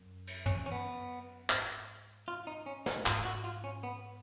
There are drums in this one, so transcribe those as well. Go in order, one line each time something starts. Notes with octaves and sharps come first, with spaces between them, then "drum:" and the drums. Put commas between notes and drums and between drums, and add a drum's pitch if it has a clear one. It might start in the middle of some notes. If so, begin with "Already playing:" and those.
Already playing: F#2
drum: cymbal
C#4, drum: tom
C#4
B3
G#2, drum: clap
F4
D#4
C#4
D#4, drum: snare
G#2 F4, drum: clap
F#4
F4
C#4
B3